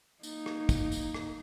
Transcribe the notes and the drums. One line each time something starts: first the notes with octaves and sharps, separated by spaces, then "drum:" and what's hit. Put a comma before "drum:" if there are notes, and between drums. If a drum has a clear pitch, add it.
A#3 D#4, drum: tambourine
drum: rim click
drum: kick, tambourine
drum: tambourine
drum: rim click